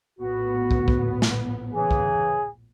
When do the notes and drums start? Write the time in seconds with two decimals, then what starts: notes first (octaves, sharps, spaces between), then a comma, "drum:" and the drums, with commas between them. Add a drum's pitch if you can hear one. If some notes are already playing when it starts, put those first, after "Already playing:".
0.19 A#1 A2 B3 F#4
0.71 drum: kick
0.88 drum: kick
1.22 drum: snare
1.74 C#3 E3 G#4
1.91 drum: kick